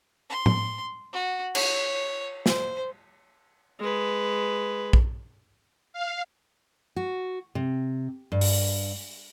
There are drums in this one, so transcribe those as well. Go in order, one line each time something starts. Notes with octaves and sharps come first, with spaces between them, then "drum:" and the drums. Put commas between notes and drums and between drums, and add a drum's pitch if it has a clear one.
C6
drum: tom A2
F#4
C#5, drum: cymbal
C5, drum: snare
G#3 B4
drum: kick A#1
F5
F#4
C3
G2
drum: open hi-hat